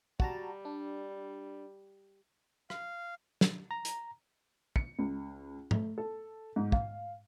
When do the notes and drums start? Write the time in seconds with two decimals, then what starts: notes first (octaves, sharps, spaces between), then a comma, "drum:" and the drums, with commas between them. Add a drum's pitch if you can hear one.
0.20 G3 F#4 A5 A#5, drum: kick
0.65 D4
2.70 F5, drum: rim click
3.41 drum: snare
3.71 A#5
3.85 drum: hi-hat
4.76 C#7, drum: kick
4.99 C#2
5.71 A3, drum: tom
5.98 A4
6.56 G#2
6.72 F5, drum: kick